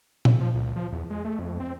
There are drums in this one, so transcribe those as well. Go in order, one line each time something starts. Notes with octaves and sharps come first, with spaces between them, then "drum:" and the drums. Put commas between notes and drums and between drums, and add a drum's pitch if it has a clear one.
drum: tom A#2
F3
C#2
F3
E2
G#3
A3
F2
C4